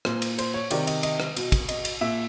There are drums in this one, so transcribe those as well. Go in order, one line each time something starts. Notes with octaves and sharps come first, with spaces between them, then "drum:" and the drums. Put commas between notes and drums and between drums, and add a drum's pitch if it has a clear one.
A#2 C5, drum: rim click
drum: cymbal
C5, drum: cymbal
C#5
C3 D#3 D5, drum: cymbal
D#5, drum: cymbal
D#5, drum: cymbal
drum: rim click
B2, drum: cymbal
drum: kick, cymbal
D#5, drum: cymbal
drum: cymbal
A#2 E5